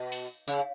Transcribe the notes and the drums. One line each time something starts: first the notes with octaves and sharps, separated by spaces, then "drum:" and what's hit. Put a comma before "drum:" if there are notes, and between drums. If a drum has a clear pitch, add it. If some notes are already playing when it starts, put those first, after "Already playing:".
Already playing: B2
drum: open hi-hat
C#3, drum: tambourine